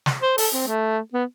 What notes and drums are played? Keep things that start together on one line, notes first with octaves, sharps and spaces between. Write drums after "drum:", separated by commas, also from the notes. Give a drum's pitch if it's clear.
drum: snare
C5
A4, drum: open hi-hat
C4
A3
B3